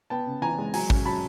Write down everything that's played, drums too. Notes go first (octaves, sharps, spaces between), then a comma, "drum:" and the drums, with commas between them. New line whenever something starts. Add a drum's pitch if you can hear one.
B3 G5 A5
C#3
E3 G#5 A#5
G#3
F#3 G#5 A#5, drum: open hi-hat
C#4, drum: kick
F#3 A5 B5